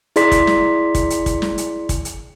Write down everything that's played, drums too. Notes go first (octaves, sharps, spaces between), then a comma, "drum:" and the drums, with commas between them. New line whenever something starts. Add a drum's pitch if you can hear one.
E4 G#4 D5 C6 B6, drum: hi-hat
drum: kick, hi-hat
drum: snare
drum: kick, hi-hat
drum: hi-hat
drum: kick, hi-hat
drum: snare
drum: hi-hat
drum: kick, hi-hat
drum: hi-hat